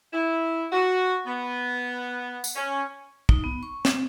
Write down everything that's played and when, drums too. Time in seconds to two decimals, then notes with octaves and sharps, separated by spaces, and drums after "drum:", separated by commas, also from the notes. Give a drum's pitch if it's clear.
0.13 E4
0.72 F#4
1.25 B3
2.44 drum: tambourine
2.56 C#4
3.29 D#4, drum: kick
3.44 B3
3.63 C#6
3.85 C4, drum: snare